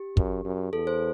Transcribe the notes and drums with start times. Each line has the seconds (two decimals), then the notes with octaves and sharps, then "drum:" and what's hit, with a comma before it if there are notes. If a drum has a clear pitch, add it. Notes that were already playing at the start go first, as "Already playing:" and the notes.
Already playing: G4
0.17 F#2, drum: kick
0.45 F#2
0.73 E2 A4
0.87 C5